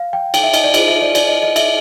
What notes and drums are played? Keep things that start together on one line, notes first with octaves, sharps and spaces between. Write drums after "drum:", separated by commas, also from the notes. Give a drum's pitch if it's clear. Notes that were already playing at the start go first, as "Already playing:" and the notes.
Already playing: F5
G5
G5, drum: cymbal
E5
D#5, drum: cymbal
D5
F4 G#4 C5 D#5, drum: cymbal
E5
D5
D5, drum: cymbal
D#5
D#5
E5, drum: cymbal